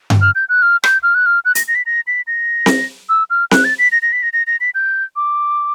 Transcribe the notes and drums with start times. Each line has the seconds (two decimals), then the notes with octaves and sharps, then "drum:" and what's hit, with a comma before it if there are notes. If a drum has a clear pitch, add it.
0.10 drum: tom G2
0.21 F6
0.35 G6
0.49 F#6
0.62 F6
0.84 G6, drum: rim click
1.03 F6
1.15 F#6
1.26 F6
1.45 F#6
1.55 A#6, drum: hi-hat
1.68 A#6
1.75 B6
1.86 A#6
2.07 B6
2.27 A#6
2.66 drum: snare C4
3.09 E6
3.30 F6
3.51 F#6, drum: snare C4
3.64 A6
3.79 B6
3.92 A#6
4.02 A#6
4.13 B6
4.23 A#6
4.33 A#6
4.47 A#6
4.60 B6
4.75 G6
5.16 D6